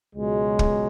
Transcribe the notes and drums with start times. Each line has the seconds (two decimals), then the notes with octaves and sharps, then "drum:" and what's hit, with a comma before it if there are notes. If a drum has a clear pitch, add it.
0.16 C#2 B2 F#3 G#3
0.59 drum: kick